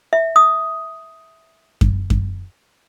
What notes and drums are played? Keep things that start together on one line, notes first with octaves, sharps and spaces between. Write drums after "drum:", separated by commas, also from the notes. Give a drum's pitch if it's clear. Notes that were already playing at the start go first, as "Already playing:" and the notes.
E5
D#6
drum: kick F#2
drum: kick F#2